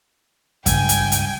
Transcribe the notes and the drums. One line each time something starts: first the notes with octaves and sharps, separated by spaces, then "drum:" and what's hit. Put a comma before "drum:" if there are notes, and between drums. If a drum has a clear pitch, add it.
C#2 G2 G5 G#5, drum: kick, hi-hat
drum: hi-hat
drum: hi-hat